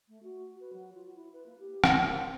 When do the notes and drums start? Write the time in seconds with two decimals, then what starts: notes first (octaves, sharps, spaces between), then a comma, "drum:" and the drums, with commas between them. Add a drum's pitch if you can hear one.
0.08 A3
0.23 F#4
0.60 B4
0.73 F#3
0.94 F4
1.15 E4
1.33 B4
1.46 A#3
1.59 G4
1.84 A#4, drum: rim click
2.12 C5